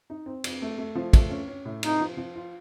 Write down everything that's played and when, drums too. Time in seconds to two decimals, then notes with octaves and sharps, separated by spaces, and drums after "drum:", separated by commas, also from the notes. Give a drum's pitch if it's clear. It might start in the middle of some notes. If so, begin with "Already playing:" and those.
0.10 D#4
0.26 C4
0.44 F2, drum: cymbal
0.62 A3
0.78 A3
0.95 F3
1.13 A3, drum: kick, cymbal
1.30 C#4
1.48 C#4
1.65 A2
1.83 C3 D#4, drum: cymbal
2.00 F3
2.17 F3
2.35 F4